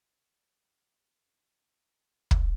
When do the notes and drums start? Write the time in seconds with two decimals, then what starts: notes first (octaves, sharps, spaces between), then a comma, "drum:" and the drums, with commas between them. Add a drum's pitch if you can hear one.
1.26 C3
2.31 drum: kick